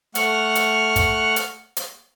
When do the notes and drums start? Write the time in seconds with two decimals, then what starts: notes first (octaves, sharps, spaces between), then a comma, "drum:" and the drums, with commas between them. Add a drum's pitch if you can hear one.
0.15 A3 F#5 C#6 F6 F#6, drum: hi-hat
0.55 drum: hi-hat
0.96 drum: kick, hi-hat
1.36 drum: hi-hat
1.77 drum: hi-hat